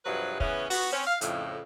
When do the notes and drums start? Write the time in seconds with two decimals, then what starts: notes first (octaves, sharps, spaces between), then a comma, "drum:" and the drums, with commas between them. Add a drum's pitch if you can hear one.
0.05 G2 C3 F3 F#3 G#4 B4
0.40 C#3 E3 B3 C#4, drum: kick
0.70 B3 F#4, drum: open hi-hat
0.92 C4 C#4
1.06 F5
1.21 F2 A2 C#3, drum: hi-hat